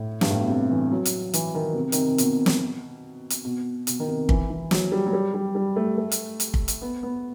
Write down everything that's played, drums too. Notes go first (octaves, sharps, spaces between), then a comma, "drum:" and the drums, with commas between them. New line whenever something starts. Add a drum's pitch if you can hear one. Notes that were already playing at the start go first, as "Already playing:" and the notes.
Already playing: A2
G2, drum: snare
A2
B2
C3
E3
F#3
drum: hi-hat
E3, drum: hi-hat
D#3
B2
C3
D#3, drum: hi-hat
C3
B2, drum: hi-hat
drum: snare
drum: hi-hat
B2
B2, drum: hi-hat
D#3
C3
E3, drum: kick
E3
F#3, drum: snare
G3
F#3
G3
G3
G3
A3
A3
drum: hi-hat
drum: hi-hat
drum: kick
drum: hi-hat
B3
B3